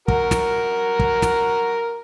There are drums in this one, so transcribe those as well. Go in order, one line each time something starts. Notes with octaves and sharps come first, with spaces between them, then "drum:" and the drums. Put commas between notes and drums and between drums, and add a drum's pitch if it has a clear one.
F#4 A#4 A#5, drum: kick
drum: snare
drum: kick
drum: snare